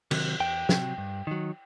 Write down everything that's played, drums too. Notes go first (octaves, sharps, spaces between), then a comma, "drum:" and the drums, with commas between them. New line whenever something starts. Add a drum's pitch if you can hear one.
C3 D#3 F#3, drum: cymbal
E2 G5
C3 D#3 F#3, drum: snare
G2
D#3 F#3